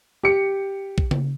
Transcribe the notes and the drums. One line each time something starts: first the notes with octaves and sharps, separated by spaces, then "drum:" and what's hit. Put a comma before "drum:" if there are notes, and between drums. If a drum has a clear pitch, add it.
G4 C#7
drum: kick A#1
drum: tom C#3